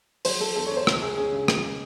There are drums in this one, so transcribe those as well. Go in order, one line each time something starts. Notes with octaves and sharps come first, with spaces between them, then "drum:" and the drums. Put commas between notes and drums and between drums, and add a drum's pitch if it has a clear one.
F#3 C5, drum: open hi-hat
F#3 A4
E2 A4
C#5
E2
C5
C#2, drum: rim click
C#2 G#4
C#4 G#4
C#3
G#3, drum: rim click